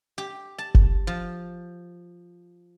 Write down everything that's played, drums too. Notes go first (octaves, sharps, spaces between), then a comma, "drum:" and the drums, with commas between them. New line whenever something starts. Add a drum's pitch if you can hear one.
G4
A5
drum: kick F#1
F3